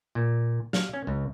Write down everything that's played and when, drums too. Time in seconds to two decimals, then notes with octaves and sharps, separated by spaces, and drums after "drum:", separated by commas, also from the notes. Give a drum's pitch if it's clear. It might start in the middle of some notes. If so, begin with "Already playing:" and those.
0.15 A#2
0.73 F5, drum: snare
0.93 C#4
1.07 C#2